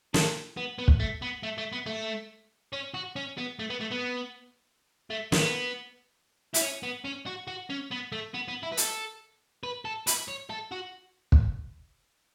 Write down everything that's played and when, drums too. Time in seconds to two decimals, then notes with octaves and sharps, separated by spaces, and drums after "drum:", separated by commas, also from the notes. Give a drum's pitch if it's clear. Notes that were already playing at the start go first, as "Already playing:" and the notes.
0.14 A4, drum: snare
0.57 B3
0.79 B3
0.88 drum: kick
1.00 A3
1.22 B3
1.43 A3
1.58 A3
1.72 B3
1.86 A3
2.73 C#4
2.94 F#4
3.16 C#4
3.38 B3
3.59 A3
3.70 B3
3.81 A3
3.92 B3
5.10 A3
5.32 B3, drum: snare
6.54 E4, drum: hi-hat
6.62 C#4
6.83 B3
7.05 C#4
7.26 F#4
7.48 F#4
7.70 C#4
7.91 B3
8.12 A3
8.34 B3
8.48 B3
8.63 E4
8.72 B4
8.77 A4, drum: hi-hat
9.63 B4
9.85 A4
10.07 B4, drum: hi-hat
10.28 C#5
10.50 A4
10.72 F#4
11.32 drum: kick